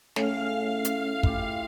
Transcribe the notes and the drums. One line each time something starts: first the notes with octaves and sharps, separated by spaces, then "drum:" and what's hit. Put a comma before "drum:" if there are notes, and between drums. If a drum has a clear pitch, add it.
A2 A3 C#4 G#4 F5, drum: snare
drum: hi-hat
E4 F4 G4, drum: kick